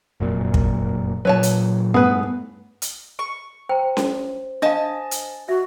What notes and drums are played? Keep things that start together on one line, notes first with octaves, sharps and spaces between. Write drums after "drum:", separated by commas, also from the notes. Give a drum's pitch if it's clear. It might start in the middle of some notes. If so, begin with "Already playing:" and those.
F1 F#2 A#2
drum: kick
A#2 F#3 B4 C#5 A5
drum: hi-hat
G2 A3 B3 G#4 B4
drum: hi-hat
C#6
C5 G5 A#5
drum: snare C#4
D4 D#5 F5 G#5 A5
drum: hi-hat
F#4 E5